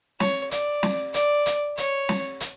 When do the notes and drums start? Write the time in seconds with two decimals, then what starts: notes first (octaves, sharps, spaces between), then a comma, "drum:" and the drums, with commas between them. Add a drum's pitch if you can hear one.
0.20 C#5, drum: snare
0.51 D5, drum: hi-hat
0.83 drum: snare
1.14 D5, drum: hi-hat
1.46 drum: hi-hat
1.77 C#5, drum: hi-hat
2.09 drum: snare
2.40 drum: hi-hat